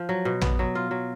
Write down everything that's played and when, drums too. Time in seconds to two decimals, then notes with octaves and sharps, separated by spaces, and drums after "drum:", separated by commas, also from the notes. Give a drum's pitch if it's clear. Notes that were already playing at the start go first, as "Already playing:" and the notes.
Already playing: F3
0.09 F#3
0.25 B2
0.41 B3, drum: tom
0.59 F#3
0.75 F4
0.91 F#3